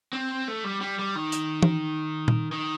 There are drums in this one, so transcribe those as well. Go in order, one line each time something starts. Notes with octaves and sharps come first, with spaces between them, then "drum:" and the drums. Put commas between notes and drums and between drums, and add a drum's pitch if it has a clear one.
C4
A3
G3
G3
G3
D#3
drum: hi-hat
drum: tom E3
drum: tom A#2
D#3